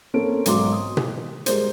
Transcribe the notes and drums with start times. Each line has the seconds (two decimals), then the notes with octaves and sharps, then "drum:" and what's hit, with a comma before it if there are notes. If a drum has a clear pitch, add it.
0.14 A#3 C4 C#4 A4 D7
0.46 B1 G#2 F#3 C6 D6, drum: hi-hat
0.72 D#6
0.97 drum: tom B2
1.46 G3 G#3 A#4 C5, drum: hi-hat